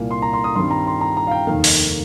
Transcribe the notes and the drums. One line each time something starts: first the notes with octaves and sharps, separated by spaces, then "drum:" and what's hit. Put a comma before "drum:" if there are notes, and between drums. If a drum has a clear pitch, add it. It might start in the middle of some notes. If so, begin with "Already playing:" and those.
Already playing: C2 A#2 A#3
C6
A#5
C6
D#6
G2 D#3 G3 C4 C6
A#5
C6
A#5
A#5
F5
G5
F1 D#2 D#3 A#3 F5
drum: open hi-hat